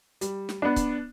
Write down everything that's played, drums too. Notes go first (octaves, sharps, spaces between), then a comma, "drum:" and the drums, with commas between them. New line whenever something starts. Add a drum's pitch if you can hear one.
G3, drum: hi-hat
drum: snare
B3 D4
drum: kick, hi-hat